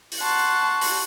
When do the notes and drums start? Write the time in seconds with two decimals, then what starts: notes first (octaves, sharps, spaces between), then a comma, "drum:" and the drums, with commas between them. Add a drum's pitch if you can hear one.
0.12 drum: open hi-hat
0.22 F#5 A5 C6 C#6
0.81 drum: open hi-hat